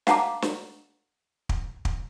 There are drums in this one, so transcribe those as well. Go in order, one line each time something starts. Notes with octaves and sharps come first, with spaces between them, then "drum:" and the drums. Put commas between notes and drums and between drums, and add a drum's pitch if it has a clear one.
F5 F#5 A5 A#5 D6, drum: snare
drum: snare
drum: kick
drum: kick